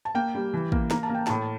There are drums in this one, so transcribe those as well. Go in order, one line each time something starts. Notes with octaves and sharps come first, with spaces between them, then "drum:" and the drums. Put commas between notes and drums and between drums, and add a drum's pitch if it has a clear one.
A5
A#3 G5
G3
E3
A#3, drum: kick
A#3 A#5, drum: snare
A5
A#3
G5
A2 A5, drum: snare